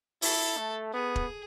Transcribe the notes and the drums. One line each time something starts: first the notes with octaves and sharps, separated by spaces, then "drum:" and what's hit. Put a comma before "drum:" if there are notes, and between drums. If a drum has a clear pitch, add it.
E4 A4, drum: open hi-hat
A3
B3 G#4
drum: kick